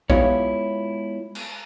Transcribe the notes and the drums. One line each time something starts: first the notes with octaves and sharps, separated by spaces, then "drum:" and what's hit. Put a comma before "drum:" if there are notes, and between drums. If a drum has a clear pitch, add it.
G#3 B3 E4 F4 G4 C#5, drum: kick
drum: cymbal